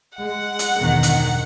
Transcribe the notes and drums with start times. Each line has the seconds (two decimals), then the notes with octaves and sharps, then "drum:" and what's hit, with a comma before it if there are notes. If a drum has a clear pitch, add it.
0.18 G#3 F#5
0.59 drum: hi-hat
0.81 G1 E2 B2 D#3
1.03 drum: hi-hat